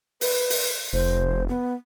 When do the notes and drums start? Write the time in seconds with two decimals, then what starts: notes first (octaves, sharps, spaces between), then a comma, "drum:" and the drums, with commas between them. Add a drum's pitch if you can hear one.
0.21 B4, drum: open hi-hat
0.50 drum: open hi-hat
0.93 F1 C5
1.48 B3